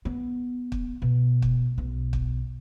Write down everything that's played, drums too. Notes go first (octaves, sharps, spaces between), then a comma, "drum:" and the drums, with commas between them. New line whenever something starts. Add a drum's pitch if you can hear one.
B3
drum: kick
B2
drum: kick
B1
drum: kick